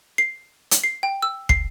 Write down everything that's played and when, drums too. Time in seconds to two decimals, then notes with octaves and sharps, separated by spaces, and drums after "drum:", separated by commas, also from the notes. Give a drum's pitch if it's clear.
0.18 C7
0.71 drum: hi-hat
0.84 C7
1.03 G5
1.22 E6
1.49 C7, drum: kick